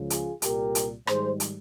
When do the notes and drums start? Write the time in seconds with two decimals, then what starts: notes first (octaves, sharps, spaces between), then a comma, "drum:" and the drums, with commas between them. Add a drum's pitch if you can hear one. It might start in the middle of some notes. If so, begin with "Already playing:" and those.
Already playing: C#2 C#3 F3
0.10 F4 G#4, drum: hi-hat
0.42 C2 A#2 G3 G4 A#4, drum: hi-hat
0.75 drum: hi-hat
1.07 G#2 D#3 G3 G#4 C5, drum: rim click
1.40 drum: hi-hat